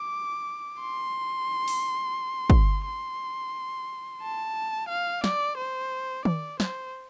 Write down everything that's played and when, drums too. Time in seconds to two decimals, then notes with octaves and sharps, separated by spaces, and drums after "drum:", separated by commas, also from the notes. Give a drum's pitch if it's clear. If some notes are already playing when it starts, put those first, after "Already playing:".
Already playing: D6
0.81 C6
1.68 drum: open hi-hat
2.50 drum: kick
2.86 C6
4.22 A5
4.89 F5
5.24 D5, drum: snare
5.57 C5
6.25 D5, drum: tom D#3
6.60 C5, drum: snare